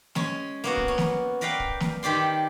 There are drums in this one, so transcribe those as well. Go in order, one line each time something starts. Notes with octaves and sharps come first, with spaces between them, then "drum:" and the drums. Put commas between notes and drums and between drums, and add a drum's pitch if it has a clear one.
G#3 C#4, drum: snare
A#3 B3 F#4
drum: kick
C#4
drum: snare
A#4 B4 D5 F5 G5
drum: kick
drum: snare
D#3 G4 D5 C6